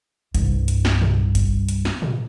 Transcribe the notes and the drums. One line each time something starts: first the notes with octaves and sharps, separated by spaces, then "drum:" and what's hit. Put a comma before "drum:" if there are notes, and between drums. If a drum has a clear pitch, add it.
C2 G2, drum: kick F#1, hi-hat
drum: hi-hat
drum: snare
drum: tom
drum: kick F#1, hi-hat
drum: hi-hat
drum: snare
drum: tom